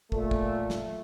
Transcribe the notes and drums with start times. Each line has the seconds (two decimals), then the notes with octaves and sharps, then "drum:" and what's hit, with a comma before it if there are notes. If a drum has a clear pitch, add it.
0.12 A#2 A3, drum: kick
0.31 drum: kick
0.70 drum: snare